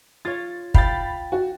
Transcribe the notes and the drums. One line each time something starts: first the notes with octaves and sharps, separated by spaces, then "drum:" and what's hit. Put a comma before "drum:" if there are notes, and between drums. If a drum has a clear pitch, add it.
F4 C#5 A6
F5 G5 B5 A6, drum: kick
F#4